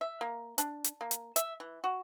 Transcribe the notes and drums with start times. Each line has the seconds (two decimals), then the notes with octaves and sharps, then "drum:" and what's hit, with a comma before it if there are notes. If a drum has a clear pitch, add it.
0.01 E5
0.21 A#3
0.58 D4, drum: hi-hat
0.84 drum: hi-hat
1.01 A#3
1.11 drum: hi-hat
1.36 E5, drum: hi-hat
1.60 E3
1.84 F#4